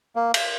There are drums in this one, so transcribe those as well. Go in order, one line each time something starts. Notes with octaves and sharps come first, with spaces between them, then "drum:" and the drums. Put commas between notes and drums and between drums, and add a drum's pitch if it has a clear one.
A#3
drum: cymbal